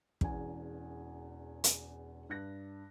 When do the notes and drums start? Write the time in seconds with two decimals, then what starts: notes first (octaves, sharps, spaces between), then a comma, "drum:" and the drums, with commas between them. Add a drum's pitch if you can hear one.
0.21 E1 E2 C#4 G#5, drum: kick
1.64 drum: hi-hat
2.29 G2 F#6 A#6